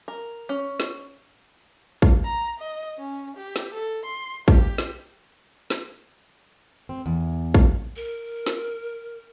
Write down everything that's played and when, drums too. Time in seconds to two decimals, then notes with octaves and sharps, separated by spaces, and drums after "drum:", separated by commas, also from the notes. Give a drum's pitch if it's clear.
0.08 A#4
0.49 C#4
0.80 drum: snare
2.02 drum: kick
2.24 A#5
2.60 D#5
2.98 C#4
3.37 G4
3.56 drum: snare
3.74 A4
4.05 C6
4.48 G4, drum: kick
4.78 drum: snare
5.70 drum: snare
6.89 C4
7.06 E2
7.54 drum: kick
7.96 A#4
8.47 drum: snare